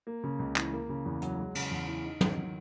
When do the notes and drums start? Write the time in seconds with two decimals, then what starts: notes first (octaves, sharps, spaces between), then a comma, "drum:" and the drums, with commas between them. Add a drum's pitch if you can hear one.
0.07 A#3
0.24 C#3
0.39 C#2
0.56 E3, drum: clap
0.73 A#3
0.89 C#3
1.06 E2
1.22 F#3, drum: hi-hat
1.39 G#3
1.55 C#3, drum: cymbal
1.71 E2
1.88 E3
2.04 D#4
2.21 F#3, drum: tom
2.37 D#3